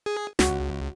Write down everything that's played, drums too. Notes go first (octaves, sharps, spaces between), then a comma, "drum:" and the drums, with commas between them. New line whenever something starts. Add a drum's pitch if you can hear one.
G#4
C#2 F#4, drum: snare